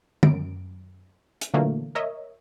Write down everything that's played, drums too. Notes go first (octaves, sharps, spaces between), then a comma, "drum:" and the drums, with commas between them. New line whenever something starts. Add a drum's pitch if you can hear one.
F#2 D7, drum: tom
drum: hi-hat
A#2 D3 E3 F#3 A3 A#3
A#4 C#5 D#5 E5